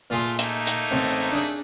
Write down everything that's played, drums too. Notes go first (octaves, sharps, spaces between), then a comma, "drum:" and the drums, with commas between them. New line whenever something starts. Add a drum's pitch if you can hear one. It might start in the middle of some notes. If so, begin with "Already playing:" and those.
A#2 A3 F4 G#4 C6
A3 A#3 D#4, drum: hi-hat
drum: hi-hat
A1 C4 A5
D4 G#4 D5